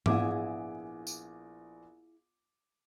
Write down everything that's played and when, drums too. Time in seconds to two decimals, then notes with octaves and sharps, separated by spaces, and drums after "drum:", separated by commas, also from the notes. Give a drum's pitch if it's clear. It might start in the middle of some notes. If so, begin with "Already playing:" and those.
0.06 A#1 B3 E4 G#4 D6, drum: tom G#2
1.07 drum: tambourine